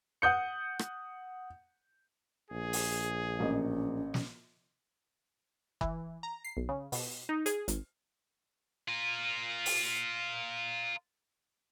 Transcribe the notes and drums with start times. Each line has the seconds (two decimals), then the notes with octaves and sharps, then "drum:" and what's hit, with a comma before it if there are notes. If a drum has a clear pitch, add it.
0.22 F#5 D#6 G6 C#7
0.79 drum: rim click
2.51 A#1 G#4
2.73 drum: open hi-hat
3.39 A1 A#3 C#4 D#5
4.14 drum: snare
5.81 E3, drum: kick F#1
6.23 A#5
6.45 C7
6.57 B1
6.69 C#3
6.92 B2, drum: open hi-hat
7.29 D#4
7.46 G#4, drum: hi-hat
7.68 G#1, drum: hi-hat
8.88 F4 A#4
9.66 drum: open hi-hat